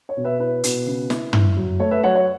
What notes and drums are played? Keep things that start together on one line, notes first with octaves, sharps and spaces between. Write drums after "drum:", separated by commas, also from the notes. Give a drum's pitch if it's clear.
C#5
B2
B4 E5
E4 B4
B2, drum: hi-hat
C#3
E4, drum: snare
E4, drum: tom
F#3
A3 C#5
B4 E5
F#3 C#5 F#5
C#5 F#5